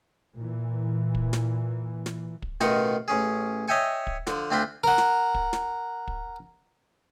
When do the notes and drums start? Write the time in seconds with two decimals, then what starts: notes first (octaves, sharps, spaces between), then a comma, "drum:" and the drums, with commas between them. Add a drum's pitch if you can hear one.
0.37 A#2 E3
1.15 drum: kick
1.33 drum: snare
2.06 drum: snare
2.42 drum: kick
2.61 A1 B2 D#3 D#4 F4 C#6, drum: snare
3.08 A1 C#4 G#4
3.68 C#5 D#5 E5 G5 G#5 C#6
4.07 drum: kick
4.27 D3 F3, drum: snare
4.50 D2 C4 D4 F4 G5 B5
4.84 A#4 F#5
4.98 drum: snare
5.34 drum: kick
5.53 drum: snare
6.08 drum: kick